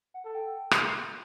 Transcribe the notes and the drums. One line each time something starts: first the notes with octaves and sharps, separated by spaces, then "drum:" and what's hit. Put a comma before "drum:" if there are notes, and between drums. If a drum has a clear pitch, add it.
F#5
A4
G5
drum: rim click